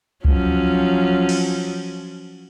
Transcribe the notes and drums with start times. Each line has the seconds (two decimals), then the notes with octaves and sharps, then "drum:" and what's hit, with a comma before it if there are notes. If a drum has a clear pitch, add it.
0.25 F3 F#3 C#4, drum: kick C2
1.29 drum: cymbal